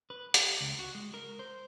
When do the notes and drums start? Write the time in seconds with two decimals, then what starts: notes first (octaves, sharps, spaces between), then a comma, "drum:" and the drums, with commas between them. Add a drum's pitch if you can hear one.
0.10 B4
0.34 G4, drum: hi-hat
0.61 C#2
0.79 F#4
0.95 G#3
1.14 A#4
1.39 C5